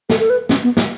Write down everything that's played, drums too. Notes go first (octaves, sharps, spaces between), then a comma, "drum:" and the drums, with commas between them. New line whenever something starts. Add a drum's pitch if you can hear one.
A4, drum: snare
A4
B4
C#4, drum: snare
B3
drum: snare